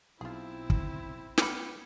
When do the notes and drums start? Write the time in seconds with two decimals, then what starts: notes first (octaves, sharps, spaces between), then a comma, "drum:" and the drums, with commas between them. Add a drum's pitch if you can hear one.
0.21 B1 C4 E4 F4 G#4
0.70 drum: kick
1.38 G3 B3 G5 B5 D6 F6 C#7, drum: snare